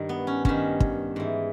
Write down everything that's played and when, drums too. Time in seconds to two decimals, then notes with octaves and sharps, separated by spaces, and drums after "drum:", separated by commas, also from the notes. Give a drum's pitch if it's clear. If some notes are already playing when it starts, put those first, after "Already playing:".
Already playing: G2 D#3
0.09 B3
0.27 C#4
0.45 G2 D#3 C#4, drum: kick
0.80 drum: kick
1.16 G#2 E3